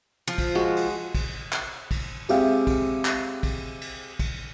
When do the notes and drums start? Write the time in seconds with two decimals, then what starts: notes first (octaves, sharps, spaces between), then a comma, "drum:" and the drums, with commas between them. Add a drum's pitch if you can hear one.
0.28 F3
0.38 drum: kick, cymbal
0.55 G#3 F#4
0.76 drum: cymbal
1.15 drum: kick, cymbal
1.53 drum: clap
1.91 drum: kick, cymbal
2.29 G#3 C4 G4 G#4 E5 F5, drum: cymbal
2.67 drum: kick, cymbal
3.05 drum: clap
3.43 drum: kick, cymbal
3.81 drum: cymbal
4.19 drum: kick, cymbal